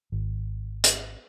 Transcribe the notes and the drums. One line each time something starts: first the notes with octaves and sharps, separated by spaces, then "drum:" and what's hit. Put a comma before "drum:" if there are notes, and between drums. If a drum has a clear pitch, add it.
G#1
drum: hi-hat